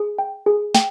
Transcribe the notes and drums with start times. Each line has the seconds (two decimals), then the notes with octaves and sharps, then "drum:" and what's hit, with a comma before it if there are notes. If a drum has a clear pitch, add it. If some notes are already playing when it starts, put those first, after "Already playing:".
Already playing: G#4
0.19 G5
0.46 G#4
0.75 G5, drum: snare